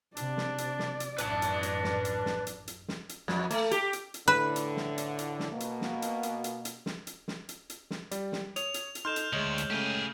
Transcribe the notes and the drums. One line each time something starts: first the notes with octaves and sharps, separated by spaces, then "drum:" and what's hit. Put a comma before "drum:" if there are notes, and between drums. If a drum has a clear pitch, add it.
C3 D4 D5, drum: hi-hat
drum: snare
drum: hi-hat
drum: snare
drum: hi-hat
A1 F#2 D4 B4 A5, drum: hi-hat
drum: hi-hat
drum: hi-hat
drum: snare
drum: hi-hat
drum: snare
drum: hi-hat
drum: hi-hat
drum: snare
drum: hi-hat
F2, drum: snare
A3, drum: hi-hat
G4, drum: hi-hat
drum: hi-hat
drum: hi-hat
A2 D3 B4
drum: hi-hat
drum: snare
drum: hi-hat
drum: hi-hat
drum: snare
B2 A#3
drum: hi-hat
drum: snare
drum: hi-hat
drum: hi-hat
drum: hi-hat
drum: hi-hat
drum: snare
drum: hi-hat
drum: snare
drum: hi-hat
drum: hi-hat
drum: snare
G3 D5, drum: hi-hat
drum: snare
C#5 D#6 F7, drum: hi-hat
drum: hi-hat
drum: hi-hat
D#4 A4 D#5 C6 F6 G6 E7
drum: hi-hat
D2 G#3 C#5 D#5 F#7
drum: hi-hat
C#3 A3 G4 G#4